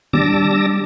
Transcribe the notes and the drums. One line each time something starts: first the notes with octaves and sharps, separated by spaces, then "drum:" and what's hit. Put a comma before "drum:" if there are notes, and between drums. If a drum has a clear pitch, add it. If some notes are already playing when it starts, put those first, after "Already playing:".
G3 D4 A5 D6 E6 A#6, drum: tom D#3